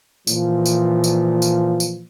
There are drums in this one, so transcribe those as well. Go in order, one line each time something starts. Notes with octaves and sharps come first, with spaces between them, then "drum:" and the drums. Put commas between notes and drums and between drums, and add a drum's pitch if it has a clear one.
A#2 E3 F3, drum: tambourine
drum: tambourine
drum: tambourine
drum: tambourine
drum: tambourine